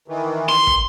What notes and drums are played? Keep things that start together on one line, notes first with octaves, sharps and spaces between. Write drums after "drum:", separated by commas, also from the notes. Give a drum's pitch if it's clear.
D#3 E3
C6
drum: kick